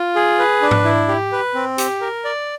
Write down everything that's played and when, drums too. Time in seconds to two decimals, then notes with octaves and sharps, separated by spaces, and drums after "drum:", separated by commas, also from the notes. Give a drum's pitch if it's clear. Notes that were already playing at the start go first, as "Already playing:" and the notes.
Already playing: F4
0.16 G#4
0.39 B4
0.62 D4
0.71 drum: tom G#2
0.85 E4
1.08 G4
1.32 B4
1.55 C4
1.78 G4, drum: hi-hat
2.01 A#4
2.25 D5